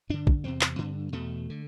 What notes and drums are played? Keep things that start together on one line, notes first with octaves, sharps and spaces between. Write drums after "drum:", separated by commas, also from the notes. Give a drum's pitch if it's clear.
G2 D3 D4
drum: kick
E2 C3 C4
drum: clap
G2 D3
E2 B2 A3
D3